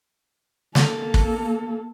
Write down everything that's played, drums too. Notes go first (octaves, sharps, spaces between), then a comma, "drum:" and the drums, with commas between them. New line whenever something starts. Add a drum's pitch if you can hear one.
A#3 A4, drum: snare
drum: kick